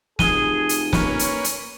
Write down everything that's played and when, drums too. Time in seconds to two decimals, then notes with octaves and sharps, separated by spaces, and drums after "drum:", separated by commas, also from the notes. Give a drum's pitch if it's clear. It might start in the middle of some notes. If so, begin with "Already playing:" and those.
0.19 F1 G#4 D#7 G7, drum: snare
0.69 drum: hi-hat
0.93 A#3 C#4 B4 C#5, drum: snare
1.19 drum: hi-hat
1.44 drum: hi-hat